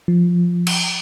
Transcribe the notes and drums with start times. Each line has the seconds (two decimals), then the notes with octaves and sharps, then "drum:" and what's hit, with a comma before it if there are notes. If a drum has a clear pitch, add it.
0.08 F3
0.67 drum: cymbal